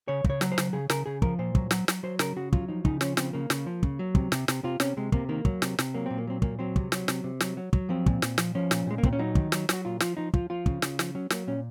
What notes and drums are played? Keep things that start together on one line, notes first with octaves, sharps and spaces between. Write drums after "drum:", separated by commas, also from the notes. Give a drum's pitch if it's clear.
C#3 C#5
C#3, drum: kick
C#5
F#3, drum: snare
C5
C#3, drum: snare
C#3 G#4
C#3 A#4, drum: snare
C#3 G#4
F3 A#4, drum: kick
A#2 C5
F#3, drum: kick
F#3, drum: snare
F#3, drum: snare
F#3 C5
C#3 A#4, drum: snare
C#3 F#4
F#3 F4, drum: kick
F3 D#4
C#3 D#4, drum: kick
F3 C#4, drum: snare
C#3 C4, drum: snare
C#3 A#3
C#3, drum: snare
F3
C#3, drum: kick
F#3
C3, drum: kick
C3, drum: snare
C3, drum: snare
C3 F4
C3 C#4, drum: snare
C3 G#3
C3 A#3, drum: kick
D#3 A#3
F#3, drum: kick
C3, drum: snare
C3, drum: snare
F#3 A#3
A#2 C4
A#3
F#3 C4
A#2 A#3, drum: kick
F#3 C4
C3, drum: kick
F#3, drum: snare
C3, drum: snare
C3
F#3, drum: snare
F#3
F#3, drum: kick
F3 C4
A#2, drum: kick
A#2, drum: snare
F3, drum: snare
F3 C#4
A#2, drum: snare
A#2 G#3
A#3
A#2 C4, drum: kick
C#4
F#3 D#4
D#3, drum: kick
F#3, drum: snare
F#3 F#4, drum: snare
A#2 F4
F3 F4, drum: snare
F3 D#4
F3 F4, drum: kick
F3 F4
C#3, drum: kick
C#3, drum: snare
F3, drum: snare
F#3 C#4
F#3 A#3, drum: snare
A#2 C#4